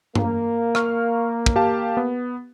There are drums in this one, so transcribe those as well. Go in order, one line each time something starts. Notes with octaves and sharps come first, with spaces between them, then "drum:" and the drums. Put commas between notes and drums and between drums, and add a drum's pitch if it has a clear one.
A#3, drum: tom G2
F5 C#6 F6, drum: rim click
drum: kick
G4 F5 A5
B3